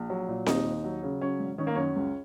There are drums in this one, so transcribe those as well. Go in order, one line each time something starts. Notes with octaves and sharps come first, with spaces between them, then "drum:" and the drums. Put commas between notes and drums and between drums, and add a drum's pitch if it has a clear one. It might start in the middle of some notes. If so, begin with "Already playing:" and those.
Already playing: A#1
F#3
A#2
D#2 D#4, drum: snare C4
D#2
F#3
C#3
F#3 C#4
G#1
D#3 C#4
A#3
F#2 C#4
C#2